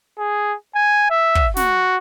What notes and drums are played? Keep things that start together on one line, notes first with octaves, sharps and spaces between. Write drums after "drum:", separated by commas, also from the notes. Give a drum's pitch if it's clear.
G#4
G#5
E5
drum: kick
F#4, drum: snare